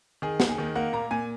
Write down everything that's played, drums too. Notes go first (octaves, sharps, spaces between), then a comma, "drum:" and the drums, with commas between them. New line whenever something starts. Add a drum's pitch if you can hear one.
D#3 G#4
D#2, drum: snare
G#4
D#3
A#3 F#5
A#2 A#5
A#2 G#5